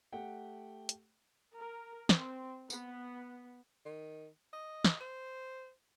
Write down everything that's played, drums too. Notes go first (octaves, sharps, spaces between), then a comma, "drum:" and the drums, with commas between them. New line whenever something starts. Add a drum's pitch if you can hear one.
A3 G4 F#5 G5
drum: hi-hat
A#4
C4, drum: snare
B3, drum: tambourine
D#3
D#5
drum: snare
C5